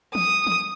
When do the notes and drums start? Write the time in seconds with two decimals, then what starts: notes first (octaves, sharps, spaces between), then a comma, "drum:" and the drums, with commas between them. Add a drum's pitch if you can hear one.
0.15 D#6, drum: tom
0.47 drum: tom